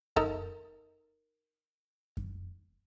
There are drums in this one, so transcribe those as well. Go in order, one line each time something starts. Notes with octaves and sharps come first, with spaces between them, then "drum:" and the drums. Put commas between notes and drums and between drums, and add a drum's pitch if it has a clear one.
D#4 A4 A#4, drum: kick F#2
drum: kick F#2